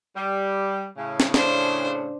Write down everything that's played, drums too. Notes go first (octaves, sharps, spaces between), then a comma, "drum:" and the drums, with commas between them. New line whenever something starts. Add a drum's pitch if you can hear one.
G3
A2 C#3
drum: snare
D4 C5, drum: snare